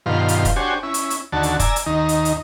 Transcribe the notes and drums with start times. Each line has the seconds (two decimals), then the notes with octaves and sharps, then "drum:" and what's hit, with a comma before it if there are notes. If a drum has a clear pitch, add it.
0.06 G2 B2 D#3 F3 F4
0.28 drum: hi-hat
0.45 drum: kick, hi-hat
0.56 D4 F#4 G4 C5 C#5 G#5
0.83 C#4 E4
0.94 drum: hi-hat
1.10 drum: hi-hat
1.33 D#2 D3 F#4 A5
1.43 drum: hi-hat
1.60 D5 G#5 A#5 E6, drum: kick, hi-hat
1.76 drum: hi-hat
1.86 D#2 D#3 D#4
2.09 drum: hi-hat
2.25 drum: hi-hat